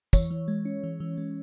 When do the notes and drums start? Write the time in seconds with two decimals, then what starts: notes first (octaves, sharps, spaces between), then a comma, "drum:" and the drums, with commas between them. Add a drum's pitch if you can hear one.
0.13 E3 C#5, drum: kick, tambourine
0.30 E3
0.48 G#3
0.65 C#4
0.83 E3
1.00 E3
1.17 G#3